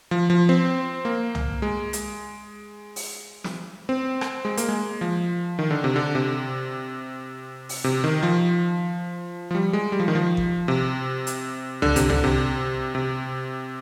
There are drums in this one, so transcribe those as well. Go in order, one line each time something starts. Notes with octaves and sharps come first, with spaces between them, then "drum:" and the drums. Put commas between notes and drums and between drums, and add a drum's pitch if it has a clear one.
F3
F3
C4
A#3
drum: tom
G#3
drum: hi-hat
drum: open hi-hat
drum: snare
C4
drum: rim click
G#3
A#3, drum: hi-hat
G#3
F3
D#3
D3
C3
D3
C3
drum: open hi-hat
C3
D#3
F3
F3
G3
G#3
G3
F3
D#3
F3
drum: kick
C3
drum: hi-hat
D3, drum: tom
C3, drum: hi-hat
D3, drum: tom
C3
C3